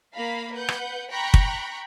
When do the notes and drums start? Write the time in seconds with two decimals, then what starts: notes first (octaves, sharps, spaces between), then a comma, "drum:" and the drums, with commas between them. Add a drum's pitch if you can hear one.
0.14 A#3 F5 A#5 B5
0.54 B4 F#5 G6
0.69 drum: rim click
1.11 G5 A#5 B5 C#6 F#6
1.34 drum: kick